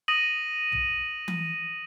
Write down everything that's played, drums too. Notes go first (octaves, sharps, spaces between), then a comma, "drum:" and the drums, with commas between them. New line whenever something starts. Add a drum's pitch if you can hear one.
D#6 A#6 D#7 F#7
drum: tom
drum: tom E3